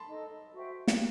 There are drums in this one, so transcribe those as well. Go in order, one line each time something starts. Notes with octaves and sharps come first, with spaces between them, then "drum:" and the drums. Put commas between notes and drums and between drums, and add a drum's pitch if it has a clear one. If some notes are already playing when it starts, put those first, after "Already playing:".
Already playing: A5 B5 C6
D#4 A4 D#5
F#4 C5 E5 G5
drum: snare